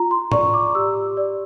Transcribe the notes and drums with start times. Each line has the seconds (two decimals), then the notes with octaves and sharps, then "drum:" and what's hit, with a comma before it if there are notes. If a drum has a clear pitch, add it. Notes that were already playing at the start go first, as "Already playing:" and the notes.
Already playing: F4 A#5
0.11 C6
0.32 D5 C#6, drum: tom A2
0.54 D6
0.75 G4 E6
1.17 D5